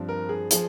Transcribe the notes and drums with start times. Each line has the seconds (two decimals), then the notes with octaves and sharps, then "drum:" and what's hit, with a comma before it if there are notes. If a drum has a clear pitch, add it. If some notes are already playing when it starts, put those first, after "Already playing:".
Already playing: G2 F3 C4
0.09 A#4
0.29 G#4
0.51 F3 G#4, drum: hi-hat